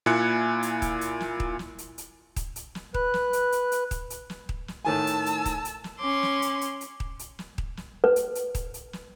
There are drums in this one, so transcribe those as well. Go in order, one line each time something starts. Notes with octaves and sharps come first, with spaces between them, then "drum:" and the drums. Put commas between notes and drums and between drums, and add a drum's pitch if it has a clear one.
A#2 E4 G#5 F#6 C#7
drum: hi-hat
drum: kick D#1, hi-hat
drum: hi-hat
drum: snare
drum: kick D#1
drum: snare
drum: hi-hat
drum: hi-hat
drum: kick D#1, hi-hat
drum: hi-hat
drum: snare
B4 F#6, drum: kick D#1
drum: snare
drum: hi-hat
drum: hi-hat
drum: hi-hat
drum: kick D#1, hi-hat
drum: hi-hat
drum: snare
drum: kick D#1
drum: snare
A2 D#3 G#5 A5 E6
drum: hi-hat
drum: hi-hat
drum: kick D#1, hi-hat
drum: hi-hat
drum: snare
C#4 C6 D6
drum: snare
drum: hi-hat
drum: hi-hat
drum: hi-hat
drum: kick D#1
drum: hi-hat
drum: snare
drum: kick D#1
drum: snare
B4
drum: hi-hat
drum: hi-hat
drum: kick D#1, hi-hat
drum: hi-hat
drum: snare